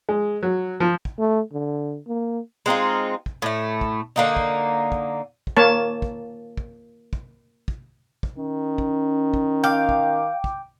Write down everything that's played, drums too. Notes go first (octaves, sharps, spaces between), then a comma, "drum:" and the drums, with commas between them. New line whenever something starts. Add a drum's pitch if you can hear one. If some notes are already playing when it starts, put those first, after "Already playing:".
G#3
F#3
F3
drum: kick
A3
D3
A#3
G#3 C4 D#4 F4
drum: kick
A2 A3
drum: kick
D3 A#3 D#4
drum: kick
drum: kick
drum: kick
A#3 C#5 A5
drum: kick
drum: kick
drum: kick
drum: kick
drum: kick
D#3 C#4
drum: kick
drum: kick
F5 G5 D6
drum: kick
drum: kick